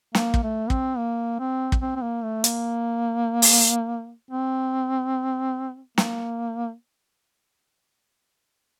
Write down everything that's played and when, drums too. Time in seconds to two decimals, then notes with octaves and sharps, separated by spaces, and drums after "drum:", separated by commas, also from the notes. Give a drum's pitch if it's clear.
0.15 A#3, drum: snare
0.34 drum: kick
0.43 A3
0.70 C4, drum: kick
0.98 A#3
1.39 C4
1.72 drum: kick
1.82 C4
1.96 C4
2.02 A#3
2.24 A3
2.44 A#3, drum: hi-hat
3.42 drum: open hi-hat
4.31 C4
5.98 A#3, drum: snare